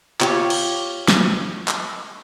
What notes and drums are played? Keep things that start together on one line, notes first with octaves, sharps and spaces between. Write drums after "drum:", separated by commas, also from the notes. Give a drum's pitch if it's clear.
F4 G4 C#5, drum: clap
drum: cymbal
drum: snare
drum: clap